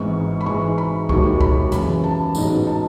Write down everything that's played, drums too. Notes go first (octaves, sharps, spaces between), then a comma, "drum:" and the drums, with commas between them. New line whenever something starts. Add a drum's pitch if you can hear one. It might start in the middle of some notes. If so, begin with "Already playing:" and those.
Already playing: G#1 G#2 E3 B3 D#4 C#6
B5
G#2 E3 G#3 D#4 C#6
B5
E1 D#2 D#3 F#3 C#6, drum: kick C2
B5, drum: kick C2
F#2 C#3 E3 B5, drum: hi-hat
A5
A1 G#2 F#3 B3 D#4, drum: tambourine
A5